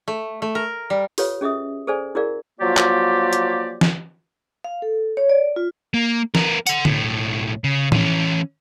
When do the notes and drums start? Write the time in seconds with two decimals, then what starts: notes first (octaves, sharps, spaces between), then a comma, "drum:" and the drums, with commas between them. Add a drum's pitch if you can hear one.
0.08 A3
0.42 A3
0.55 A#4
0.90 G3
1.18 F4 G4 A4 B4 C#5 F5, drum: open hi-hat
1.41 C#4 G#4 D#5 E5 D#6
1.87 G#4 A4 C5 D5 G#5
2.15 E4 F#4 G#4 A#4 D5 F5
2.60 F3 F#3 A#3 F4 G4 D5
2.77 drum: clap
3.33 drum: hi-hat
3.81 drum: snare
4.64 F5
4.82 A4
5.17 C#5
5.30 D5
5.56 F4
5.94 A#3
6.35 B3 A#4, drum: snare
6.67 A4 F#5, drum: tambourine
6.85 B1 A2, drum: tom D3
7.64 C#3
7.92 E3 C#4, drum: tom A2